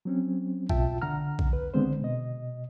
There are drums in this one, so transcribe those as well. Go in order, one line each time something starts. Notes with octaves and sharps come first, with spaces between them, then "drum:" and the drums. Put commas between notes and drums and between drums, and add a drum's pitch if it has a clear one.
F#3 C4 C#4
B2 F4 E5 G5 A5, drum: kick A#1
D3 F#5 A#5 F6
drum: kick A#1
B4
D3 D#3 G#3 B3 C4 C5
B2 D#5